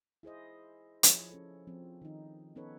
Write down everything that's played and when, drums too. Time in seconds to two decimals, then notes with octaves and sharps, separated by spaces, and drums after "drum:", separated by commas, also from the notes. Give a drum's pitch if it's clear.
0.23 E4 G#4 C5 D#5
1.03 F3 E4 G#4 C#5, drum: hi-hat
1.30 C#4 A4
1.67 F3 C4
2.02 D#3 D#4
2.56 B3 C#4 D#4 A4 B4 C#5